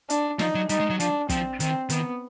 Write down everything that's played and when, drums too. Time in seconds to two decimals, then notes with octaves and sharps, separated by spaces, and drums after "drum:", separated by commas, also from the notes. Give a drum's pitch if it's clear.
0.10 D4, drum: hi-hat
0.39 F3 D#4, drum: snare
0.55 F#3
0.69 G3 D#4, drum: hi-hat
0.80 G#3
0.90 F#3
1.00 F3 D4, drum: hi-hat
1.30 F3 C4, drum: kick, hi-hat
1.60 D#3 C4, drum: hi-hat
1.90 D#3 B3, drum: hi-hat